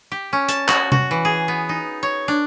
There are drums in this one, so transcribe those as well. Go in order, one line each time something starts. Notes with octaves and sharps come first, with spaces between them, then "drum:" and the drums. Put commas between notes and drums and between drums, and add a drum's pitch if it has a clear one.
G4
C#4
A5, drum: hi-hat
F#4, drum: clap
F#4, drum: tom C3
E3
G#4
B3
D#4
C#5
D4